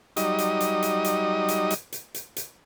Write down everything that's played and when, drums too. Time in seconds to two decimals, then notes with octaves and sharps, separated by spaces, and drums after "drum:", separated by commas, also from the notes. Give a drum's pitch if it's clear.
0.17 F#3 G3 D#4 D#5, drum: hi-hat
0.39 drum: hi-hat
0.61 drum: hi-hat
0.83 drum: hi-hat
1.05 drum: hi-hat
1.49 drum: hi-hat
1.71 drum: hi-hat
1.93 drum: hi-hat
2.14 drum: hi-hat
2.36 drum: hi-hat